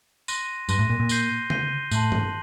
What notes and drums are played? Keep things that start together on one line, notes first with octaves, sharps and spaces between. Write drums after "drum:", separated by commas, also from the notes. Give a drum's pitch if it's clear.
C6 F#6 A#6 D#7, drum: tambourine
G2 C6 F#6 A#6 D#7, drum: tambourine
A2
A#2
A#2
G6 C7 D#7 G7, drum: tambourine
G6 C7 D#7 G7, drum: tom C#3
A2 A5 C6 F#6 C7 F#7, drum: tambourine
drum: tom G2